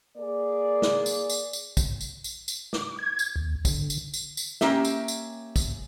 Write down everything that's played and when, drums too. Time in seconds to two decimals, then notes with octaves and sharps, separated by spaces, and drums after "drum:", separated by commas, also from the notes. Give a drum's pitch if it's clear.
0.17 A#3 G#4 D5
0.82 drum: snare
1.06 drum: tambourine
1.30 drum: tambourine
1.53 drum: tambourine
1.77 drum: kick, tambourine
2.01 drum: tambourine
2.24 drum: tambourine
2.48 drum: tambourine
2.73 D6, drum: snare
2.98 G#6
3.19 drum: tambourine
3.36 D#2
3.65 D3, drum: kick, tambourine
3.90 drum: tambourine
4.14 drum: tambourine
4.37 drum: tambourine
4.61 A#3 C#4 G4 E5, drum: snare
4.85 drum: tambourine
5.08 drum: tambourine
5.56 drum: kick, tambourine